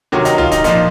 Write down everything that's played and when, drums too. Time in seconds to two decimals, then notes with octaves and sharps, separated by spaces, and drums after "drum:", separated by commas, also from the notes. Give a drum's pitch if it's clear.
0.12 C3 D#3 F#3
0.25 D#4, drum: hi-hat
0.38 F4, drum: tom C#2
0.52 D#4, drum: kick D1, hi-hat
0.64 A#2 F3 D#4, drum: hi-hat